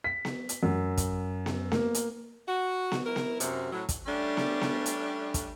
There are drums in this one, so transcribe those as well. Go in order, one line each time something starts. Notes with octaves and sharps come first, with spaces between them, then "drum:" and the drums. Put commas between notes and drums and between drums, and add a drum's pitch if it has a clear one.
B6
drum: snare B3
drum: hi-hat
F#2
drum: kick, hi-hat
drum: snare B3
A#3, drum: snare B3
drum: hi-hat
F#4
drum: snare B3
E4 A#4
drum: snare B3
F#2 C3, drum: hi-hat
A2 F#3
drum: kick, hi-hat
G3 A3 C#4 D4
drum: snare B3
drum: snare B3
drum: hi-hat
drum: kick, hi-hat